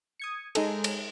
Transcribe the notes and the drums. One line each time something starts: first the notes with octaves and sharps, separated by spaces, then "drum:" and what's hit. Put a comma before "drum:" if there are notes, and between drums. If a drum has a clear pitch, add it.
D#6 G#6 C#7
G#3 D#4 G#4 A4, drum: cymbal
drum: cymbal